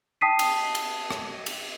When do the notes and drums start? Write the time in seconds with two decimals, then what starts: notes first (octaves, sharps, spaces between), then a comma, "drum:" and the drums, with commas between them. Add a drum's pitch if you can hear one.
0.21 G5 A5 D#6 B6 C7 D#7
0.39 drum: cymbal
0.75 drum: cymbal
1.11 drum: rim click
1.46 drum: cymbal